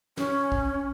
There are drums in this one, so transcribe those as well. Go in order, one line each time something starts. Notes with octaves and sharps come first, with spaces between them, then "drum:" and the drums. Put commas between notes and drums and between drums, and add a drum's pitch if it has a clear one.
C#4, drum: snare
drum: kick